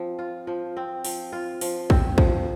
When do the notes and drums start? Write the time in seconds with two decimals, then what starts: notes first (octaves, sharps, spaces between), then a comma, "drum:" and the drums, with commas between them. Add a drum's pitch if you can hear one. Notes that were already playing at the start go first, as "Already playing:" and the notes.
Already playing: F3 C4
0.19 F4
0.47 F3
0.77 C4
1.05 F3, drum: open hi-hat
1.32 F4
1.61 F3, drum: open hi-hat
1.90 C4, drum: kick
2.18 F3, drum: kick